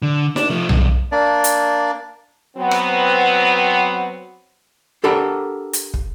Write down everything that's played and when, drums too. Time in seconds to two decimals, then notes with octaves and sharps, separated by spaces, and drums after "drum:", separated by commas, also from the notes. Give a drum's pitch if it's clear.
0.02 D3
0.36 D4, drum: snare D#4
0.50 F3 A3
0.69 B1 G2, drum: tom B1
1.12 A#3 D4 D5
1.44 drum: hi-hat
2.57 F#3 B3 C4
2.71 drum: rim click
5.04 D4 G4 A4 A#4 F#5 B5
5.73 drum: hi-hat
5.94 drum: kick